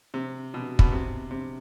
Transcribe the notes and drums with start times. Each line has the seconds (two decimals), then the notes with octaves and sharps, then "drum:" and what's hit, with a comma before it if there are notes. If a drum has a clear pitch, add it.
0.14 C3
0.54 B2
0.79 B2, drum: kick
0.92 C3
1.31 C3